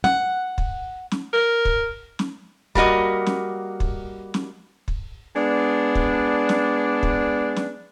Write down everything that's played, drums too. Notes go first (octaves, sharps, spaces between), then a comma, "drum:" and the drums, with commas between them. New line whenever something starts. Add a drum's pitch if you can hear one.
F#5, drum: snare
drum: kick
drum: snare
A#4
drum: kick
drum: snare
G3 A#3 F#4 D#5, drum: kick
drum: snare
drum: kick
drum: snare
drum: kick
G#3 B3 D4
drum: kick
drum: snare
drum: kick
drum: snare